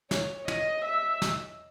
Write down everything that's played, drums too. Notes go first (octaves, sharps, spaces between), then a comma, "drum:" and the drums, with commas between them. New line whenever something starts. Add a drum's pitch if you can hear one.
C#5, drum: snare
D#5, drum: tom
E5
drum: snare